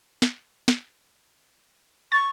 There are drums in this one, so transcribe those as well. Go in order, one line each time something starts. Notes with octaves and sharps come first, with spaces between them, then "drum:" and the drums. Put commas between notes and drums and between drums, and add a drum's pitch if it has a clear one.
drum: snare
drum: snare
C#6 A6